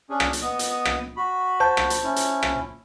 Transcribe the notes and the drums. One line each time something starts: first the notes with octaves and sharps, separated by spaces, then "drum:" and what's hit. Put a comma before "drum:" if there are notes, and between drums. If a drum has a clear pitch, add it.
C#4 D4 G#4
drum: rim click
drum: hi-hat
B3 D#5 D#6
drum: hi-hat
drum: rim click
F#4 B5
C5 A5 G6
drum: rim click
drum: hi-hat
C#4 E4
drum: hi-hat
drum: rim click